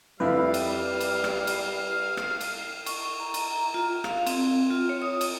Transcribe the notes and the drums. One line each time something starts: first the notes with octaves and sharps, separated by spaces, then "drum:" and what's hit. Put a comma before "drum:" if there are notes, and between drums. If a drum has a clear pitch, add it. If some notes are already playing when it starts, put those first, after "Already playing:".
F2 G3 E4 B4 F5
drum: cymbal
drum: cymbal
drum: rim click
drum: cymbal
drum: rim click
drum: cymbal
C#6, drum: cymbal
A#5
drum: cymbal
F4
F5, drum: rim click
C4, drum: cymbal
F4
C#5
D#6
drum: cymbal